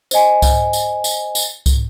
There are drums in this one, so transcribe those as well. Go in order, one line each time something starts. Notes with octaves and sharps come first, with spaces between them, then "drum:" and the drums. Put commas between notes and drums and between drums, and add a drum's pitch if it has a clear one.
C5 D#5 G#5, drum: tambourine
drum: kick C2, tambourine
drum: tambourine
drum: tambourine
drum: tambourine
drum: kick C2, tambourine